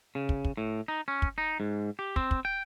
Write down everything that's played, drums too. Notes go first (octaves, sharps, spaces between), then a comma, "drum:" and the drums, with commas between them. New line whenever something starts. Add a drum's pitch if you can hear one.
C#3
drum: kick
drum: kick
A2
D#4
C#4
drum: kick
D#4
G#2
G4
C4, drum: kick
drum: kick
G5